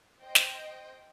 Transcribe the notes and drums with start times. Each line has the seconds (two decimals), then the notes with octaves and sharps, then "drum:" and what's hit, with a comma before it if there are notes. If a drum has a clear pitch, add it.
0.23 C5 D#5 G5
0.35 drum: snare